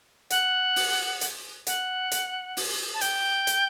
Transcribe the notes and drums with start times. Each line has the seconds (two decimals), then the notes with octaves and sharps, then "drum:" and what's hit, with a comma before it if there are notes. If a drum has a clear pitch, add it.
0.30 F#5, drum: hi-hat
0.76 drum: open hi-hat
1.21 drum: hi-hat
1.67 F#5, drum: hi-hat
2.12 drum: hi-hat
2.57 drum: open hi-hat
2.94 A5
3.01 G5, drum: hi-hat
3.47 drum: hi-hat